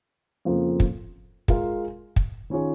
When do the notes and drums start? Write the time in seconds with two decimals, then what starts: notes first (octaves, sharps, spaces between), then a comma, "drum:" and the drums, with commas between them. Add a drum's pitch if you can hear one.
0.45 F2 C#3 F3 A#3
0.80 drum: kick
1.48 G#3 F4 A#4 F5, drum: kick
2.16 drum: kick
2.50 D#3 C#4 F4 G#4 C#5